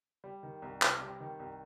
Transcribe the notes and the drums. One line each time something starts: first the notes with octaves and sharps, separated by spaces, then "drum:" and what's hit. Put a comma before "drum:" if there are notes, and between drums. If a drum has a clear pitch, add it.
G3
D#3
C2
C3, drum: clap
G3
D#3
C2